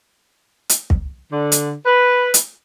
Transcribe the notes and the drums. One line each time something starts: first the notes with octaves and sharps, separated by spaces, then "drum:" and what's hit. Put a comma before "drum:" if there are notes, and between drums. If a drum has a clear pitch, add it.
drum: hi-hat
drum: kick
D3
drum: hi-hat
B4
drum: hi-hat